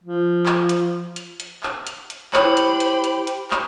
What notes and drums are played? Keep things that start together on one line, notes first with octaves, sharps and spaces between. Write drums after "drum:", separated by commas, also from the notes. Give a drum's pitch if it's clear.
F3
drum: clap
drum: hi-hat
drum: hi-hat
drum: hi-hat
drum: clap
drum: hi-hat
drum: hi-hat
E4 G4 C5 C#5 B5, drum: clap
drum: hi-hat
drum: hi-hat
drum: hi-hat
drum: hi-hat
drum: clap